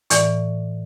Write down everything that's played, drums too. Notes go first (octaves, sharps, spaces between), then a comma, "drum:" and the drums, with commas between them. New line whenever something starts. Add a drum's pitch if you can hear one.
A2 E3 D5, drum: hi-hat